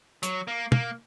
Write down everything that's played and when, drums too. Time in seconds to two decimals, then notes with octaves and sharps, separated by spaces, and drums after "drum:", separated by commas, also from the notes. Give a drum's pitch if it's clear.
0.23 F#3, drum: hi-hat
0.47 A#3
0.72 A#3, drum: tom